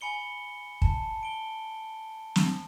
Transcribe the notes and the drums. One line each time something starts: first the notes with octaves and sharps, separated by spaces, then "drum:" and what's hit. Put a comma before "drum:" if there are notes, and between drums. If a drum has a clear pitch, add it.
G#5 B5 C#7 G7
A5, drum: kick
D7 G7
drum: snare